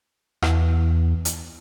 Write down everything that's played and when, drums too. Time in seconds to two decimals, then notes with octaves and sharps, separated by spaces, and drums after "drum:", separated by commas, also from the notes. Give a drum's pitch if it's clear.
0.42 E2, drum: rim click
1.25 drum: hi-hat